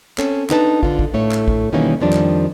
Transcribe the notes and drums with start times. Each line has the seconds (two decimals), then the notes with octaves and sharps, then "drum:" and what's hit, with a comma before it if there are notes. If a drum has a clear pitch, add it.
0.18 C4 C#4 A4 C#5, drum: clap
0.50 B3 D4 D#4 B4 G5 A5, drum: clap
0.83 D3 F4, drum: kick
0.99 drum: kick
1.14 A2 A3 C#5
1.31 drum: clap
1.48 drum: kick
1.72 B2 D#3 E3 G3 A#3 C#4
2.01 F2 D#3 F3 G3 D4
2.13 drum: clap